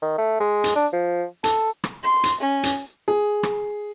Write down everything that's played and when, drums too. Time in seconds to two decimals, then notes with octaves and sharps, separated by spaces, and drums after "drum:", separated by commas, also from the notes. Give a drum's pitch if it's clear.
0.02 D#3
0.18 A3
0.40 G#3
0.64 drum: hi-hat
0.76 D4
0.93 F3
1.44 A4, drum: hi-hat
1.84 drum: rim click
2.03 C6
2.24 drum: hi-hat
2.41 C#4
2.63 drum: hi-hat
3.08 G#4
3.43 drum: rim click